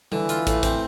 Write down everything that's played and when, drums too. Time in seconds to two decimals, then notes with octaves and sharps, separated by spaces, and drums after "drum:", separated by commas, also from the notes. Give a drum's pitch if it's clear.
0.12 D3 E3, drum: tom G3
0.29 F4, drum: hi-hat
0.47 A2, drum: kick, hi-hat
0.63 C4, drum: kick, hi-hat